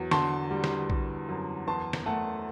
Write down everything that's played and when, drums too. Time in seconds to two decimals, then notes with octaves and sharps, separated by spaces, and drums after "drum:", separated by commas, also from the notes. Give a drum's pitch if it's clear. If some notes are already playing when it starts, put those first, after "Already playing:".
Already playing: E2 F#3
0.11 D3 A5 C6, drum: snare
0.51 G3
0.64 drum: snare
0.90 G3, drum: kick
1.29 F#2
1.67 E2 A5 C6
1.93 drum: snare
2.06 A3 F#5 A5